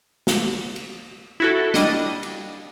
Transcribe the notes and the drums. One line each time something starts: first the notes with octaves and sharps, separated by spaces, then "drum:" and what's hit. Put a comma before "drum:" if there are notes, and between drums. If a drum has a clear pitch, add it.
drum: snare
drum: cymbal
E4 F#4 A4
G3 D4 D#5, drum: snare
drum: cymbal